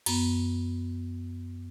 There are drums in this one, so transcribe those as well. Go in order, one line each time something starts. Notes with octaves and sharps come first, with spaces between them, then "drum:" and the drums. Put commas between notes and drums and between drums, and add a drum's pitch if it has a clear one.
F#2 B3, drum: cymbal